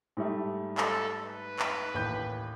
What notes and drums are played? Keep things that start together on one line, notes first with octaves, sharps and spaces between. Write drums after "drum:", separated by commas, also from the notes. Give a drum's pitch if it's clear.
G#2 G3 A3
A4, drum: clap
B4
drum: clap
A1 D#2 G6